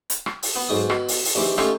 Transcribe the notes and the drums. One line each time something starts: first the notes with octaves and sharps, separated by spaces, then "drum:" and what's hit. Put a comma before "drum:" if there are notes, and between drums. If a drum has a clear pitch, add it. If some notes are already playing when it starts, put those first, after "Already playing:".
drum: hi-hat
drum: rim click
drum: open hi-hat
B3
B1 G#2 D#6
B2, drum: rim click
drum: open hi-hat
drum: open hi-hat
A#1 D#2 E3 D6
A3 C#4 D#4 F4 G4, drum: rim click